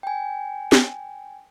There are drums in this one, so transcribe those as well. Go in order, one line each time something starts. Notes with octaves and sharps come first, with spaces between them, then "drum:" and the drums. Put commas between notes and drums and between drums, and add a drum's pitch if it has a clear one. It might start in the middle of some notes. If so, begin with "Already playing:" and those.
G5 G#5
drum: snare